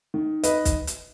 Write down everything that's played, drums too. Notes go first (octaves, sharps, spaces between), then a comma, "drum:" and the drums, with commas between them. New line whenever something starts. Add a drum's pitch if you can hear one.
D#3
B4 D#5, drum: hi-hat
drum: kick, hi-hat
drum: hi-hat